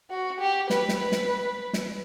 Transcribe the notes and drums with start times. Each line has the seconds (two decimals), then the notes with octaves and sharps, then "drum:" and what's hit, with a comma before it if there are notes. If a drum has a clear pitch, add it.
0.10 F#4
0.40 G4
0.70 B4, drum: snare
0.89 drum: snare
1.00 B4
1.12 drum: snare
1.73 drum: snare